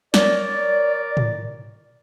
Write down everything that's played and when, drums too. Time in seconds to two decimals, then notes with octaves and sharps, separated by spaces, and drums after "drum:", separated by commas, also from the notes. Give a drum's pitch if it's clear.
0.14 A#4 C#5 D5, drum: snare
1.17 drum: tom